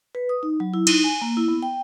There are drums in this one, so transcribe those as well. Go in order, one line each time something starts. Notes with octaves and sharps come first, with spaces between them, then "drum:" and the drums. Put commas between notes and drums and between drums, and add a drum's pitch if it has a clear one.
B4
D#6
D#4
F#3
E4
D#4, drum: cymbal
G#5
A#3
E4
B3
G5